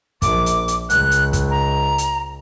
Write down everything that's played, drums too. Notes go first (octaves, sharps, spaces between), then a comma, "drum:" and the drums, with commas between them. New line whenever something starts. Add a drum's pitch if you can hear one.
A#1 D6, drum: kick, hi-hat
drum: hi-hat
drum: hi-hat
C#2 F#6, drum: hi-hat
drum: hi-hat
drum: kick, hi-hat
A#5
drum: hi-hat